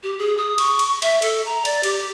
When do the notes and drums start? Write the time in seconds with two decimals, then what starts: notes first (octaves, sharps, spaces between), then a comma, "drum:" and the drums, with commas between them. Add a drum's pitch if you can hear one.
0.03 G4
0.19 G#4
0.38 D#6
0.58 C#6, drum: cymbal
0.79 drum: cymbal
1.02 E5, drum: cymbal
1.22 A4, drum: cymbal
1.46 A#5
1.65 D5, drum: cymbal
1.83 G4, drum: cymbal